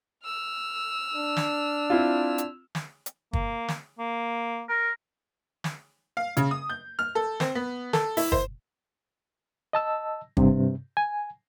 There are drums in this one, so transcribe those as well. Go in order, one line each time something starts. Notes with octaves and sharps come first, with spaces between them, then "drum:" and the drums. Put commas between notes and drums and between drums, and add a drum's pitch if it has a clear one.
E6 F6
D4
drum: snare
C4 E4 F4
drum: hi-hat
drum: snare
drum: hi-hat
A#3, drum: kick
drum: snare
A#3
A#4
drum: snare
F5
C#3, drum: hi-hat
D#6
G6
F6
A4
C4, drum: snare
B3
A4, drum: snare
E4, drum: open hi-hat
C5, drum: kick
D#5 A5 E6
G2 C3, drum: kick
G#5